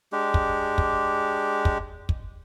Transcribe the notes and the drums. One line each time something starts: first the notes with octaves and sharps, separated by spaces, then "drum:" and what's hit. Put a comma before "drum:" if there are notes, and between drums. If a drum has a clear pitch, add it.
G#3 D4 G4
drum: kick
drum: kick
drum: kick
drum: kick